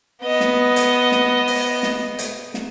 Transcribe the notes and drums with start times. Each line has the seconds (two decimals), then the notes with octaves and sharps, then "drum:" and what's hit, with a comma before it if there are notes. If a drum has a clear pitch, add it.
0.23 B3 D#5
0.40 drum: snare
0.76 drum: hi-hat
1.12 drum: snare
1.47 drum: open hi-hat
1.83 drum: snare
2.19 drum: hi-hat
2.54 drum: snare